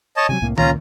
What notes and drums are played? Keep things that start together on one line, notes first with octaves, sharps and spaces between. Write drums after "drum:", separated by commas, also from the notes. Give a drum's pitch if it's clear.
C#5 D#5 A5
C3 D#3 F#3 G#5
C2 A2 A#3
C#2 A#2 C#4 F4 A#5, drum: tom